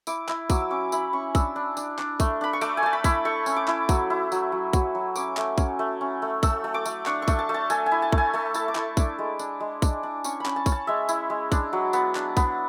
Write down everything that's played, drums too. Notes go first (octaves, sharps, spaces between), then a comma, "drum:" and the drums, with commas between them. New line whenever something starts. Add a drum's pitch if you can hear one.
E4 D6, drum: tambourine
E4, drum: clap
F#3 D6, drum: kick, tambourine
E6
C#4 D6
E4 B5, drum: tambourine
C#4 C#6
D4 E6, drum: kick, tambourine
D4
D4, drum: tambourine
D4, drum: clap
A3, drum: kick, tambourine
D4 B5
C#6
A3 D6, drum: tambourine
G#5
A3 A5
B5
E4, drum: kick, tambourine
A3 C#6
C#4, drum: tambourine
D6
E4, drum: clap
F#3, drum: kick, tambourine
E4
F#3, drum: tambourine
F#3
F#3, drum: kick, tambourine
F#3
C#4 D6, drum: tambourine
A3, drum: clap
C#4, drum: kick, tambourine
A3
C#4
A3
A3 E6, drum: kick, tambourine
A3
D6
A3, drum: tambourine
D4 C#6, drum: clap
C#6
A3, drum: kick, tambourine
A5
A3
A5
A3 G#5, drum: tambourine
G#5
E4
A5
A3, drum: kick
G#5
A3 A5
E4 A5, drum: tambourine
D6
E4 C#6, drum: clap
D4 D6, drum: kick, tambourine
G#3
D4, drum: tambourine
G#3
D4, drum: kick, tambourine
D4
C#4 C#6, drum: tambourine
B5
C#4, drum: clap
A5
C#4, drum: kick, tambourine
A5
G#3 E5
E4, drum: tambourine
G#3
D4, drum: kick, tambourine
F#3
B3, drum: tambourine
D4, drum: clap
B3, drum: kick, tambourine